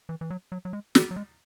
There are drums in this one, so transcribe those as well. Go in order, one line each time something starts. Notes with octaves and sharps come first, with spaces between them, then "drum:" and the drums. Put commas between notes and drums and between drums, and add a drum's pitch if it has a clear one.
E3
E3
F#3
F#3
F#3
G#3
E3, drum: snare
F#3
G#3